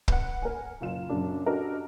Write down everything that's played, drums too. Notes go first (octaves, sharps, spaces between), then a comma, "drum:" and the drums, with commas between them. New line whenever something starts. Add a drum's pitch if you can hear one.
B4 F#5, drum: kick
A#4 G#5
F#1 F4 E7
F#1 F#2 D4
D4 F#4 G4 A4 A#4 D#5